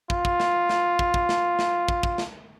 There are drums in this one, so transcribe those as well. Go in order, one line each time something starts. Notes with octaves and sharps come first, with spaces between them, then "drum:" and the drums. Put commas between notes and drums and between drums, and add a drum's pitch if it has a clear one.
F4, drum: kick
drum: kick
drum: snare
drum: snare
drum: kick
drum: kick
drum: snare
drum: snare
drum: kick
drum: kick
drum: snare